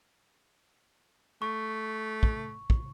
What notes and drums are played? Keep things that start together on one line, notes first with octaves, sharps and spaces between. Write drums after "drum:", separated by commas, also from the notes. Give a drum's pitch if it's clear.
A3 C#6
drum: kick
drum: kick